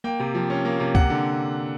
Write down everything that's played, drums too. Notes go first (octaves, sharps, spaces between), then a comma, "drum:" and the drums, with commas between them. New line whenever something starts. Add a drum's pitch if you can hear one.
A#3 G5
C3
F3
C#4
A#3
C3
A#3 F#5, drum: kick C#2
D3